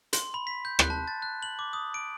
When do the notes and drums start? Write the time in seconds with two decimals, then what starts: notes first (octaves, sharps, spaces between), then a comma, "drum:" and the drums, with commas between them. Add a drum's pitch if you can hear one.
0.13 C6, drum: hi-hat
0.34 B5
0.47 B6
0.65 G6
0.79 F#6, drum: rim click
0.90 A5
1.08 A6
1.22 F#6
1.42 F#7
1.59 D6
1.73 D#6
1.94 D7